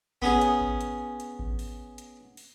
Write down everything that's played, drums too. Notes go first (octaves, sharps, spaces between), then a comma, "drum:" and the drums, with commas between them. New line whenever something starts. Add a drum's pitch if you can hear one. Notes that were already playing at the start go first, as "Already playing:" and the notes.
B3 C#4 G#4, drum: kick A1
drum: hi-hat
drum: kick A1
drum: hi-hat
drum: hi-hat
drum: kick A1
drum: open hi-hat
drum: hi-hat
drum: open hi-hat